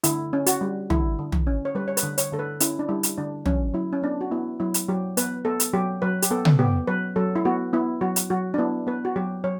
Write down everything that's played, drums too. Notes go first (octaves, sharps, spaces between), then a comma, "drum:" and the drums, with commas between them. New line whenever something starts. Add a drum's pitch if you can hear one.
D3 E4, drum: hi-hat
C#4
F#4, drum: hi-hat
G3
D3 E4, drum: tom
D3
drum: tom
C#4
C#5
G3 B4
C#5
B4, drum: hi-hat
D3
C#5, drum: hi-hat
D3 A4
B4
C#4 E4, drum: hi-hat
D4
G3 E4
drum: hi-hat
D3 D4
F#3 C#4, drum: tom
F#3 E4
C#4
B3 D4
F#4
B3 E4
F#3 E4
drum: hi-hat
F#3 G4
B3 B4, drum: hi-hat
B3 A4
drum: hi-hat
F#3 G4
F#3 B4
G4, drum: hi-hat
B3 A4
drum: tom
B3 G4
F#3 B4
F#3 A4
E4
B3 F#4
B3 E4
F#3 F#4
drum: hi-hat
F#3 F#4
D4
B3 E4
B3 B4
F#4
F#3 G4
F#3 C#5